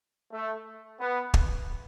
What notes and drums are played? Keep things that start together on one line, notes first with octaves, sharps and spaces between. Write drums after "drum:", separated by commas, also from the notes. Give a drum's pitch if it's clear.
A3
B3
drum: kick